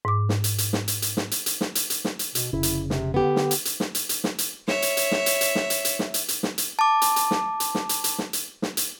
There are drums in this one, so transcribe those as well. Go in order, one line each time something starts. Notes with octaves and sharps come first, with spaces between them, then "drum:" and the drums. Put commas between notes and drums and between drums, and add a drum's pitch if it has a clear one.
G#2 D6
drum: snare
drum: hi-hat
drum: hi-hat
drum: snare
drum: hi-hat
drum: hi-hat
drum: snare
drum: hi-hat
drum: hi-hat
drum: snare
drum: hi-hat
drum: hi-hat
drum: snare
drum: hi-hat
B2, drum: hi-hat
F1 C#3 E4
drum: hi-hat
C3, drum: snare
D3 B3 G4
drum: snare
drum: hi-hat
drum: hi-hat
drum: snare
drum: hi-hat
drum: hi-hat
drum: snare
drum: hi-hat
C#5 E5, drum: snare
drum: hi-hat
drum: hi-hat
drum: snare
drum: hi-hat
drum: hi-hat
drum: snare
drum: hi-hat
drum: hi-hat
drum: snare
drum: hi-hat
drum: hi-hat
drum: snare
drum: hi-hat
A5 D6
drum: hi-hat
drum: hi-hat
drum: snare
drum: hi-hat
drum: snare
drum: hi-hat
drum: hi-hat
drum: snare
drum: hi-hat
drum: snare
drum: hi-hat